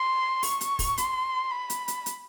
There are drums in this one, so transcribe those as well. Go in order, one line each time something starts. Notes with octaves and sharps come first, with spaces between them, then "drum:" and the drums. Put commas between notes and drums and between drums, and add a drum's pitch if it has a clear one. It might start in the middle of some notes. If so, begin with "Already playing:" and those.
Already playing: C6
C#6, drum: open hi-hat
drum: hi-hat
drum: kick, open hi-hat
C6, drum: hi-hat
B5
drum: hi-hat
drum: hi-hat
drum: hi-hat